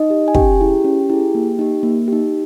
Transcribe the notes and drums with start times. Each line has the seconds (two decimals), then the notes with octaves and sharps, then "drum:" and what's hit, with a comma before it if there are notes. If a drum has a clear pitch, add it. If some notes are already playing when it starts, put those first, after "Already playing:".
Already playing: D#4 D#5
0.10 G4
0.28 G#5
0.35 C#4 G4 G5, drum: kick
0.60 E4 G#4
0.84 C#4
1.10 E4 G#4
1.35 A#3
1.59 D#4 G4
1.83 A#3
2.08 D#4 G4